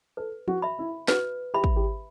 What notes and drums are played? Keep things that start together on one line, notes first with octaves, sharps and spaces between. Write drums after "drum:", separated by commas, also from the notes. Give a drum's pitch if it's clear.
A4 B4
F#4, drum: tom F3
E5 B5
E4
F#4 B4, drum: snare
G4 E5 B5
drum: kick
G4